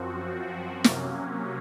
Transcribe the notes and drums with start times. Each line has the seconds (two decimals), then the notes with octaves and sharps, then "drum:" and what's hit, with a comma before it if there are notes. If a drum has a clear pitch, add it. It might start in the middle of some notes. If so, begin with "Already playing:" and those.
Already playing: F#2 F3 C4 F#4
0.84 C3 F#3 A#3 C#4, drum: snare